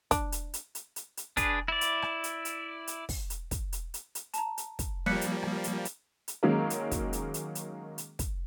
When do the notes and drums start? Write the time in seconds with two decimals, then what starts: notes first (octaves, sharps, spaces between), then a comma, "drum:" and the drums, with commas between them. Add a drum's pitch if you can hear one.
0.11 D4, drum: kick, hi-hat
0.32 drum: hi-hat
0.54 drum: hi-hat
0.75 drum: hi-hat
0.96 drum: hi-hat
1.17 drum: hi-hat
1.37 D4 G#4 B4, drum: kick, hi-hat
1.68 E4 D5
1.81 drum: hi-hat
2.02 drum: rim click
2.24 drum: hi-hat
2.45 drum: hi-hat
2.87 drum: hi-hat
3.09 drum: kick, open hi-hat
3.30 drum: hi-hat
3.51 drum: kick, hi-hat
3.73 drum: hi-hat
3.94 drum: hi-hat
4.15 drum: hi-hat
4.34 A5 A#5, drum: hi-hat
4.58 drum: hi-hat
4.79 drum: kick, hi-hat
5.06 F3 G3 A#3 F#6 B6 C#7
5.21 drum: hi-hat
5.43 drum: rim click
5.64 drum: hi-hat
5.85 drum: hi-hat
6.28 drum: hi-hat
6.43 D#3 F#3 G#3 A#3 C#4 A#4
6.70 drum: hi-hat
6.91 drum: kick, hi-hat
7.13 drum: hi-hat
7.34 drum: hi-hat
7.55 drum: hi-hat
7.98 drum: hi-hat
8.19 drum: kick, hi-hat